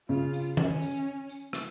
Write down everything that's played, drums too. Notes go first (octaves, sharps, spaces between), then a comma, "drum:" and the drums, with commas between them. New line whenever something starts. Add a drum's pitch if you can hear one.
C#3 F4
drum: tambourine
C#4, drum: tom D#3
drum: tambourine
drum: tambourine
drum: rim click